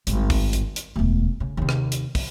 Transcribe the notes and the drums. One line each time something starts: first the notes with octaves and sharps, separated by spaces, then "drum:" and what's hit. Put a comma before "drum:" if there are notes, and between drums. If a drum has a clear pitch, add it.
G#1 G2, drum: hi-hat
drum: kick, open hi-hat
drum: hi-hat
drum: hi-hat
E1 D2
C#3
D#2 C3
drum: rim click
drum: hi-hat
drum: kick, open hi-hat